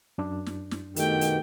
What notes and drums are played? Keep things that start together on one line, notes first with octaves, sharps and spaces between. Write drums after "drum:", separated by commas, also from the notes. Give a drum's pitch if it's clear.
F#2 D4
drum: snare
drum: snare
B2 D#3 A3 G4 G5, drum: hi-hat
drum: hi-hat